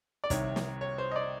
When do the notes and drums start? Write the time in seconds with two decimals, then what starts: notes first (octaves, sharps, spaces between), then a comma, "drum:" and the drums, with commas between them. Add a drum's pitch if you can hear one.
0.24 D5
0.30 C2 C3 D#3 C#5, drum: kick, hi-hat
0.56 drum: snare
0.81 C#5
0.98 C5
1.12 D#5
1.16 D5